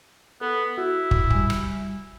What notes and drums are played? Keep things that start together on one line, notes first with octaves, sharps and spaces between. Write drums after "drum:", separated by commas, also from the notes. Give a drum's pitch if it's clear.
B3 A4
E4 F#4
drum: kick
G3 G#5, drum: kick
drum: rim click